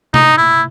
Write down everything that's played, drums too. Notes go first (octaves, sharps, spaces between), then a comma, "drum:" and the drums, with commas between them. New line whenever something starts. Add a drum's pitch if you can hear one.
D#4, drum: tom C3
E4